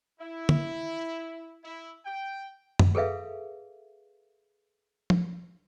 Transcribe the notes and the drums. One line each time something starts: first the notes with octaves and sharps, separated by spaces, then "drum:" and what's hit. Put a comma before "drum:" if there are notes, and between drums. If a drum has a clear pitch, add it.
E4
drum: tom
E4
G5
drum: tom F#2
G#4 A4 B4 E5 F5
drum: tom F3